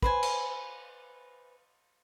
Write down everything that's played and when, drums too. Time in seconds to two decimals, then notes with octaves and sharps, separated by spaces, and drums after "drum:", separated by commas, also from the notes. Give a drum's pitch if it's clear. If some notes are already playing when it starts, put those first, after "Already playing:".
0.03 B4 C5 G#5, drum: kick
0.23 drum: cymbal